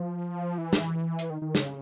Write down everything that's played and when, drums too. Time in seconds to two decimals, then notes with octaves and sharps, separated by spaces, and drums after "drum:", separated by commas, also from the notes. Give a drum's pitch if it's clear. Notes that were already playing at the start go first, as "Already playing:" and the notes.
Already playing: F3
0.58 E3
0.73 drum: snare
1.19 drum: hi-hat
1.30 D#3
1.42 D#3
1.55 C#3, drum: snare